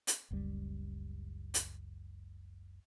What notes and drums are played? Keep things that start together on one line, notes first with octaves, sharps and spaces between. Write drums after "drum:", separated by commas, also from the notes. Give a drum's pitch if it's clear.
drum: hi-hat
F#1 C#2 F#2 G3
drum: hi-hat